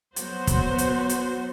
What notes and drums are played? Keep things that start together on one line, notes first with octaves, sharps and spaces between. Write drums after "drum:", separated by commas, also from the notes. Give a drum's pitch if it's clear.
F#3 B3 F#4 C5, drum: hi-hat
drum: kick, hi-hat
drum: hi-hat
drum: hi-hat